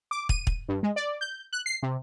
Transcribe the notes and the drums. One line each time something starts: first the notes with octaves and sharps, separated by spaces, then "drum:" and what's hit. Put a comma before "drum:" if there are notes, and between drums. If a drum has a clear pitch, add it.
D6
D#7, drum: kick
drum: kick
G2
G#3
D5
G6
F#6
C7
C3